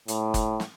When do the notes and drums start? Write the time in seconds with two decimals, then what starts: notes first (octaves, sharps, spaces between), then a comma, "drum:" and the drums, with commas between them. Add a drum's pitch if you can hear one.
0.08 A2, drum: hi-hat
0.34 drum: kick F#1, hi-hat
0.60 drum: snare